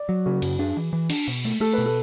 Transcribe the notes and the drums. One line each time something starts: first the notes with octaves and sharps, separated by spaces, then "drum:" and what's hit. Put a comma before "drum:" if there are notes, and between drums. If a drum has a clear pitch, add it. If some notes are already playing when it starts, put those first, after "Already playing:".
Already playing: D5
F#3
C#3 F#4
F#2 F#4, drum: cymbal
D4 G#4
E3
E3
D4, drum: cymbal
B2
A3
A3 A4
B2 B4
A4